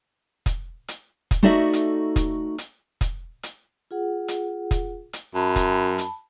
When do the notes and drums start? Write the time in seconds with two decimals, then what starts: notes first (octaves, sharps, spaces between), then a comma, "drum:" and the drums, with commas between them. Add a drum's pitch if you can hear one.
0.46 drum: kick, hi-hat
0.88 drum: hi-hat
1.31 drum: kick, hi-hat
1.43 A3 D#4 F#4 A4 D5 E5
1.73 drum: hi-hat
2.16 drum: kick, hi-hat
2.58 drum: hi-hat
3.01 drum: kick, hi-hat
3.43 drum: hi-hat
3.91 F4 G#4 F#5
4.28 drum: hi-hat
4.71 drum: kick, hi-hat
5.13 drum: hi-hat
5.35 F#2 A5 B5
5.56 drum: kick, hi-hat
5.98 drum: hi-hat